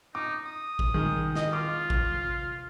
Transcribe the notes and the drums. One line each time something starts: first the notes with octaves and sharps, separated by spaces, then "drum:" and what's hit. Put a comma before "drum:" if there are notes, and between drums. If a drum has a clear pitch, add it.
D#4 D6
D#6
drum: kick A1
D#3 G#3
D#5, drum: snare
F4 D6
drum: kick A1